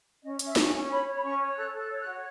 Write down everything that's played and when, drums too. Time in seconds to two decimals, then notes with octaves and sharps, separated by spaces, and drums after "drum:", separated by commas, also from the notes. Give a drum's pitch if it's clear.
0.22 C#4 D#5
0.39 C#4, drum: hi-hat
0.45 E5
0.56 C#4, drum: snare
0.66 G#5
0.73 C#4
0.89 C#5 B5
1.06 C#5
1.16 B5
1.22 C#4 C#6
1.39 C#5
1.56 A4 F#6
1.72 A4
1.78 F#6
1.89 C#5
2.00 F#6
2.06 F#4